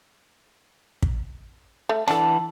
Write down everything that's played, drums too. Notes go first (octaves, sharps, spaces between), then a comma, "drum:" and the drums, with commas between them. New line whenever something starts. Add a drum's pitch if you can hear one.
drum: kick
A3
E3 D4 A4 F#5 A5, drum: rim click